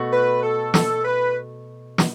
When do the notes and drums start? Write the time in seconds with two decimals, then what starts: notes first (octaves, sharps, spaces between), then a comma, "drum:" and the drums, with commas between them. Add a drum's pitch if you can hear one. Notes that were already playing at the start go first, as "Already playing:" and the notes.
Already playing: B2 A3 F#4
0.12 B4
0.43 A4
0.74 A4, drum: snare
1.05 B4
1.98 drum: snare